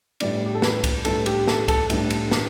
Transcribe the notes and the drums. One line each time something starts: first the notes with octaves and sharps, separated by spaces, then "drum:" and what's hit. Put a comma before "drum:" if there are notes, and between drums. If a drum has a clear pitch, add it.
A2 G3 B3 D4 D5, drum: cymbal
G4
A4
B4, drum: snare
drum: kick C2, cymbal
A2 G3 B3 D4 A4, drum: cymbal
G4, drum: cymbal
A4, drum: snare
A4, drum: kick C2, cymbal
A2 G3 B3 D4, drum: cymbal
drum: cymbal
drum: snare